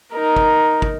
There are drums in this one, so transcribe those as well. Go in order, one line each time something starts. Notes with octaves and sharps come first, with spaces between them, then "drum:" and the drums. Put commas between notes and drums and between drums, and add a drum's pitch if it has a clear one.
D#4 A#4
drum: kick
drum: kick